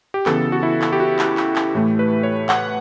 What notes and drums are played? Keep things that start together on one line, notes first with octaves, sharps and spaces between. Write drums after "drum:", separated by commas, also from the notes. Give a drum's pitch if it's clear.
G4
C#3 E3 B3 A4, drum: clap
F#4
E4
drum: clap
G4
F#4
drum: clap
drum: clap
drum: clap
A2 E3 A3
B4
C#5
F#5, drum: clap